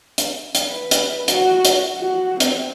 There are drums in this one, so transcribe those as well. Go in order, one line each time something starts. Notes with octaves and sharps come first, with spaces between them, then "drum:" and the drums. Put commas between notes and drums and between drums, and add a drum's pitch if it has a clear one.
drum: hi-hat
drum: hi-hat
B4
drum: hi-hat
F#4, drum: hi-hat
drum: hi-hat
F#4
C4, drum: hi-hat